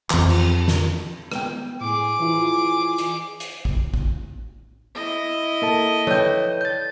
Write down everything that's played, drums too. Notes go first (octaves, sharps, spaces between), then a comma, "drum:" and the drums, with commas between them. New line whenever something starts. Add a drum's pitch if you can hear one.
F2 E3, drum: clap
drum: cymbal
drum: snare
G#3 B3 G5, drum: rim click
A2 G#4 D6
E3 E4 F4
drum: hi-hat
drum: hi-hat
drum: kick A1
drum: kick A1
E4 D#5
A#3 A4 A5
A4 B4 C#5 D5 G5 G6, drum: tom F3
G6 A6